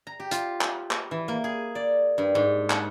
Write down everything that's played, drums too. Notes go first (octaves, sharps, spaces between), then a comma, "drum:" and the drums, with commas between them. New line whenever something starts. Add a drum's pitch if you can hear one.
A#5
G4
F4, drum: hi-hat
drum: clap
drum: clap
E3
A#3
G#4
D5
G2
G#2
F#5, drum: clap